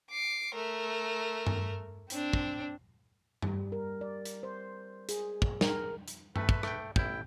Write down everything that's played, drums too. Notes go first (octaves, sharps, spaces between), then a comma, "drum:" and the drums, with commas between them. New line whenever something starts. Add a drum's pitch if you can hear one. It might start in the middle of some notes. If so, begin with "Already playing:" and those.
D6 C7
A3 A#4
drum: tom G2
C4 D4, drum: hi-hat
drum: kick
G3, drum: tom G2
A#4
D5
drum: hi-hat
C5
G#4, drum: hi-hat
drum: kick
A#4, drum: snare
drum: hi-hat
A3 B4, drum: tom G2
drum: kick
A3 G5, drum: rim click
A1 E4 G5, drum: kick